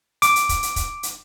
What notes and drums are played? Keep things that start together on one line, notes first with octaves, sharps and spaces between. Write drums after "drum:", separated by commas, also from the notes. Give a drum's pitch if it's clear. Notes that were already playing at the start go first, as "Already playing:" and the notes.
D6, drum: hi-hat
drum: hi-hat
drum: kick, hi-hat
drum: hi-hat
drum: kick, hi-hat
drum: hi-hat